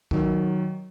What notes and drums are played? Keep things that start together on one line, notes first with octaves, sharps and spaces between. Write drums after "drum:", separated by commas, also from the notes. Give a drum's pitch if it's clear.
D#3 F#3, drum: kick